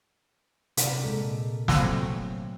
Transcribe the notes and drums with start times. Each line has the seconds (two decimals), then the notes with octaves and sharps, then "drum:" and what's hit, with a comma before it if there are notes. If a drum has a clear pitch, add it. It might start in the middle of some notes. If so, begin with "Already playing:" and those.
0.77 C3 A#4 D5, drum: hi-hat
1.04 A#2 G#3 A4
1.68 F#3 A3 A#3 C4, drum: snare